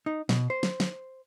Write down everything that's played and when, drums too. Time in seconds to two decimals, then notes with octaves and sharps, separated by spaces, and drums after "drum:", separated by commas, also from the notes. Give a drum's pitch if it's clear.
0.06 D#4
0.29 B2, drum: snare
0.50 C5
0.63 drum: snare
0.80 drum: snare